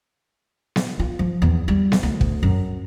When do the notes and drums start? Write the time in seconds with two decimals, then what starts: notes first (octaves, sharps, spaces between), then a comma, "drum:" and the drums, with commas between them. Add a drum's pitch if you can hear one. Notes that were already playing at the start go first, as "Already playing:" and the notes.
0.76 drum: snare B3
1.00 F4
1.19 F3
1.42 E2
1.68 G3
1.92 drum: snare B3
2.03 D2
2.21 drum: kick
2.43 F#2